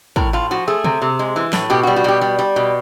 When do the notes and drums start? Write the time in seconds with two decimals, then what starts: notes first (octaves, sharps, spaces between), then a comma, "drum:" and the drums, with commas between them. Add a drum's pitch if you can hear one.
0.16 A2 A#4, drum: kick
0.33 A2 F4
0.51 F3 F#4
0.68 A3 G#4
0.84 C3, drum: tom
1.02 C3
1.19 G#3
1.36 E3
1.53 A2, drum: snare
1.70 B2 G4
1.83 G3 F#4
1.96 F#4
2.04 B2 G4
2.21 G3
2.39 G3
2.56 B2